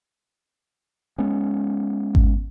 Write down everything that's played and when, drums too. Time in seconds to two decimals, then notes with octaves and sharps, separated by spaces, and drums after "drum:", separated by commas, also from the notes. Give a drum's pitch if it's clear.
1.18 G#3 B3 C#4
2.15 drum: kick G#1